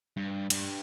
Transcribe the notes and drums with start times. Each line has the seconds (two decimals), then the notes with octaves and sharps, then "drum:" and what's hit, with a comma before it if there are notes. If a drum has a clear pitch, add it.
0.17 G2
0.50 G2, drum: cymbal